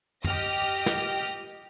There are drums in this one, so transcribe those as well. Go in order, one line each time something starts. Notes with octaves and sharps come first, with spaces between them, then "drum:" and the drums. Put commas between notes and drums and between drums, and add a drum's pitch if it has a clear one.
G4 D#5 F6 A#6, drum: tom
drum: snare